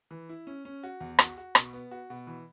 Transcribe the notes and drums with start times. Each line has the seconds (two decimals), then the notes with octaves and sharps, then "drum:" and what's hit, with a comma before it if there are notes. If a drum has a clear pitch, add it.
0.11 E3
0.29 E4
0.47 C#4
0.65 C#4
0.83 F#4
1.00 E2
1.19 F#4, drum: rim click
1.38 F#4
1.55 B2, drum: rim click
1.73 B3
1.91 F#4
2.10 B2
2.27 E3